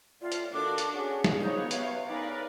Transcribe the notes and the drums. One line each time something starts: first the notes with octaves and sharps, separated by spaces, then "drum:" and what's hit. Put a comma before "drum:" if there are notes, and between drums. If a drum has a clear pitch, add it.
A2 F4 D5
drum: hi-hat
D#3 A#3 D4 F#4 A4 D6
drum: hi-hat
C#4 G#4 F#5
drum: snare
F3 G3 A#3 B3 D#4 C#5
F#2 C3 B4 F5, drum: hi-hat
A2 C#3 C#4 D#4 A#4 B4 D5